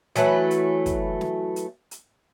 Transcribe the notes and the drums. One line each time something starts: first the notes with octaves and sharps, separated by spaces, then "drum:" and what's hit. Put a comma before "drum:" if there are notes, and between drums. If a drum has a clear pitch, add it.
E3 F#3 A3 B4, drum: hi-hat
drum: hi-hat
drum: kick, hi-hat
drum: snare
drum: hi-hat
drum: hi-hat